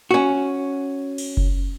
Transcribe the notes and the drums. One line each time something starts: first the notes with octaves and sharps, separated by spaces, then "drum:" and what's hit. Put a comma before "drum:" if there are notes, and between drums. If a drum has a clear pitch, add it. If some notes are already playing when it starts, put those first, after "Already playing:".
C#4 F#4
drum: cymbal
drum: kick F#1